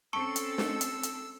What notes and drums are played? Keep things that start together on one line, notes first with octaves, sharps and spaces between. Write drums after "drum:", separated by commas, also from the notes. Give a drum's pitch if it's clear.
C4 C#4 A4 A5 C#6 E6 C#7
drum: hi-hat
drum: snare
drum: hi-hat
drum: hi-hat